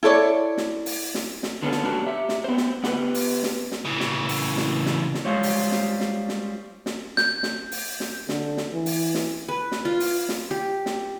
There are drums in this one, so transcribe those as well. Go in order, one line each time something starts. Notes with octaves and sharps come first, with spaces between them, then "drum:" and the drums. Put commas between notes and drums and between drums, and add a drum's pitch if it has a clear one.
E4 A4 C#5 D5
drum: snare
drum: open hi-hat
drum: snare
drum: snare
D3 B3 C#4 A4
drum: snare
G#3 A#3 C#4 D4 F#4 G4
G4 E5
drum: snare
B3 C5
drum: snare
B3 G4 B4, drum: snare
drum: open hi-hat
drum: snare
drum: snare
C#3 E3
drum: snare
drum: open hi-hat
drum: snare
drum: snare
drum: snare
G3 G#3 F4 C5 C#5
drum: open hi-hat
drum: snare
drum: snare
drum: snare
drum: snare
G6, drum: snare
drum: snare
drum: open hi-hat
drum: snare
D3, drum: snare
drum: snare
E3
drum: open hi-hat
drum: snare
B4
drum: snare
F4
drum: open hi-hat
drum: snare
G4
drum: snare